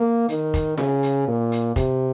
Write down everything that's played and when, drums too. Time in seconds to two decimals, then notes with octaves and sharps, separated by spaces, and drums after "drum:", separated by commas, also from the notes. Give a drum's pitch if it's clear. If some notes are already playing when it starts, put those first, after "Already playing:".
Already playing: A#3
0.29 D#3, drum: hi-hat
0.54 drum: kick, hi-hat
0.78 C#3, drum: snare F4
1.03 drum: hi-hat
1.28 A#2
1.52 drum: hi-hat
1.76 C3, drum: kick, hi-hat